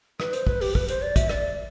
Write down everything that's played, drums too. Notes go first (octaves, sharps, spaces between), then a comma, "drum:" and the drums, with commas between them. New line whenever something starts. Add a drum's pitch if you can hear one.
B4, drum: rim click
C5, drum: hi-hat
B4, drum: kick
G4, drum: open hi-hat
B4, drum: kick
C5, drum: hi-hat
D5
E5, drum: kick, hi-hat
D5, drum: rim click